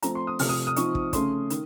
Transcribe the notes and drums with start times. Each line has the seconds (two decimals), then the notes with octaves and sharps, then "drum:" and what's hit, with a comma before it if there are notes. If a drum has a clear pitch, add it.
0.02 F3 A3 C4 A#5, drum: hi-hat
0.15 C6
0.27 D#6
0.39 C3 F3 A3 F6, drum: open hi-hat
0.49 D#6
0.67 D#6
0.76 F3 C4 D#4 C#6, drum: hi-hat
0.95 drum: kick
1.13 C#3 A3 C#4 C6, drum: kick, hi-hat
1.50 D#3, drum: hi-hat